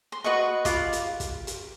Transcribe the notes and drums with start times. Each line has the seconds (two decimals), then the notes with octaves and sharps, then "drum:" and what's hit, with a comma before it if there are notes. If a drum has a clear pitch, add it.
0.12 C6
0.24 F#4 B4 D#5 C#6
0.65 F4 D6, drum: kick, hi-hat
0.93 drum: hi-hat
1.20 drum: kick, hi-hat
1.47 drum: hi-hat